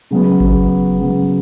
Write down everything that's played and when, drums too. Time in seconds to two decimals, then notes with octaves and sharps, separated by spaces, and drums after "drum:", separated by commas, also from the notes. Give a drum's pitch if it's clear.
0.11 C#3 F#3 B3
0.40 drum: kick G1
1.00 C#3 F#3 B3